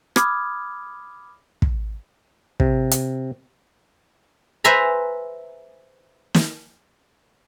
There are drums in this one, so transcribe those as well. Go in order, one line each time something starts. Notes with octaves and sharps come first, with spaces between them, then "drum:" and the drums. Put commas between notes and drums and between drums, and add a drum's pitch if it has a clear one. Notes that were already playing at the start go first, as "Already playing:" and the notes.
B5 D6 D#6 F6 G#6, drum: rim click
drum: kick
C3, drum: kick
drum: hi-hat
B4 C5 E5 G#5 A#5 B5
drum: snare